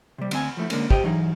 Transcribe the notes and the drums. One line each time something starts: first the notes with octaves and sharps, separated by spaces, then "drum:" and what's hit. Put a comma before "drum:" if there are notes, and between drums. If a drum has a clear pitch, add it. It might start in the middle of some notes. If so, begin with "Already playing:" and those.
C3 G3
D2 C4 G#5, drum: cymbal
F3 A3 E4
D3 G#3 A#3 C#4, drum: cymbal
G4 C5 D#5 G5, drum: kick
E3 F#3 D#4 G#4